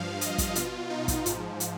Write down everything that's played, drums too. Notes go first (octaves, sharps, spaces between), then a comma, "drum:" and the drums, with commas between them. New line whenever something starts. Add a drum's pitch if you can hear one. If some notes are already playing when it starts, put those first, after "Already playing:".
Already playing: G2 F3 F5
D#5, drum: hi-hat
drum: kick, hi-hat
B2 F4, drum: hi-hat
D#4
drum: kick, hi-hat
G#2 F3, drum: hi-hat
drum: hi-hat